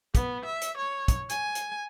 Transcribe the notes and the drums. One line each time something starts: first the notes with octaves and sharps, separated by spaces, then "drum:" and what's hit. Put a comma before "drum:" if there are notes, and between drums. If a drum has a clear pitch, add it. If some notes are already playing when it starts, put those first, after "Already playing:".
B3, drum: kick, hi-hat
E5
drum: hi-hat
C#5
drum: kick, hi-hat
G#5, drum: hi-hat
drum: hi-hat